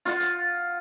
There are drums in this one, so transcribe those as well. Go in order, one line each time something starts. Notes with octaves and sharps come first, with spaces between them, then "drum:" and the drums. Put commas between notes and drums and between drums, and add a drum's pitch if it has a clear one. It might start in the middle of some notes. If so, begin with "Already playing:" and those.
F4 F#5, drum: hi-hat
drum: hi-hat